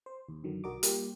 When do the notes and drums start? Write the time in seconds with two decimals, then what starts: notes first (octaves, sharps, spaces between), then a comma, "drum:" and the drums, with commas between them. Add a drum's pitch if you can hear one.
0.06 C5
0.29 D#2
0.44 F#2 D3 D#3 F#3
0.64 B1 F#4 A#4 D5 D#5 D6
0.83 G3 A#3 F4 G4, drum: hi-hat